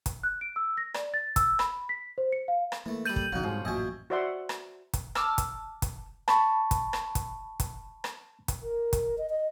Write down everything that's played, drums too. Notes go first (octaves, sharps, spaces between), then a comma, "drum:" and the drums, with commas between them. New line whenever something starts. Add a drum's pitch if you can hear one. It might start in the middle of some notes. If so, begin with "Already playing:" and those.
drum: kick, hi-hat
F#6
D7
E6
A#6
D5, drum: rim click
A6
E6, drum: kick, hi-hat
B5, drum: rim click
B6
C5
C#7
F5
drum: rim click
E3 A3 A#3
G3 A4 G6 D#7 F#7
drum: kick
B1 F2 D3 F#3 D#4 F#4 C#5 F5
C2 G#2 F3 G#4
A1 F#2 A#2 F#4 D#5 E5 G5 G#5
F#4 C5 D5 E5 F#5 C6
drum: rim click
drum: kick, hi-hat
A5 D6 E6 F6, drum: rim click
drum: kick, hi-hat
drum: kick, hi-hat
A5 B5 C#6, drum: rim click
drum: kick, hi-hat
drum: rim click
drum: kick, hi-hat
drum: kick, hi-hat
drum: rim click
drum: kick, hi-hat
A#4
drum: kick, hi-hat
D#5
D#5